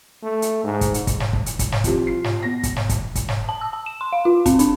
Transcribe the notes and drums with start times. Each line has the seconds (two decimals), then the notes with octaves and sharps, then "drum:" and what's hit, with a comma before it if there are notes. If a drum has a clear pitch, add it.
0.23 A3
0.42 drum: hi-hat
0.64 G#2
0.81 drum: kick, hi-hat
0.94 drum: hi-hat
1.07 drum: kick, hi-hat
1.20 drum: snare
1.33 drum: kick
1.46 drum: hi-hat
1.59 drum: kick, hi-hat
1.72 drum: snare
1.84 F3 G3 C4 F4 G4, drum: kick, hi-hat
2.07 F4 C7
2.24 drum: snare
2.43 B2 A#6
2.63 drum: kick, hi-hat
2.76 drum: snare
2.89 drum: kick, hi-hat
3.15 drum: kick, hi-hat
3.28 drum: snare
3.49 A5
3.61 E6
3.73 A5
3.86 E7
4.01 C6
4.13 F5
4.25 F4
4.46 C4, drum: kick, hi-hat
4.59 D4, drum: hi-hat